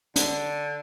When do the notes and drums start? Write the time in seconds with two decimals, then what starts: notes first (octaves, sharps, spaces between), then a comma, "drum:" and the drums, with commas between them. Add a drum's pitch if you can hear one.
0.16 D3, drum: hi-hat